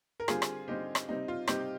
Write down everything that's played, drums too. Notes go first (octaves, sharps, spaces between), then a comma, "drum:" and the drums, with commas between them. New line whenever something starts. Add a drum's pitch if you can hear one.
A#4
D3 G3 C4 F4 G#4, drum: rim click
drum: rim click
D3 G3 C4 D#4 G4
drum: rim click
C3 G3 C4 D#4
F4
C3 G3 C4 D#4 G4, drum: rim click